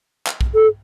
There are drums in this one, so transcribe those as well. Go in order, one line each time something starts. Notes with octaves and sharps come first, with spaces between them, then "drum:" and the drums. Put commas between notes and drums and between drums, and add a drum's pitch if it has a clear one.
drum: clap
drum: kick
A4